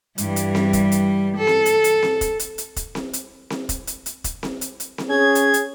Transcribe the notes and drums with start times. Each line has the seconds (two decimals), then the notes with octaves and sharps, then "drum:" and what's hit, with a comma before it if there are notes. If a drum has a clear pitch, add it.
0.18 G2 E3 G3, drum: hi-hat
0.36 drum: hi-hat
0.55 drum: snare C4
0.73 drum: kick, hi-hat
0.92 drum: hi-hat
1.37 A4
1.47 drum: snare C4
1.66 drum: hi-hat
1.84 drum: hi-hat
2.03 drum: snare C4
2.21 drum: kick, hi-hat
2.39 drum: hi-hat
2.58 drum: hi-hat
2.76 drum: kick, hi-hat
2.95 drum: snare C4
3.13 drum: hi-hat
3.50 drum: snare C4
3.69 drum: kick, hi-hat
3.87 drum: hi-hat
4.06 drum: hi-hat
4.24 drum: kick, hi-hat
4.43 drum: snare C4
4.61 drum: hi-hat
4.80 drum: hi-hat
4.98 drum: snare C4
5.09 C#4 G#4 G#6
5.35 drum: hi-hat
5.54 drum: hi-hat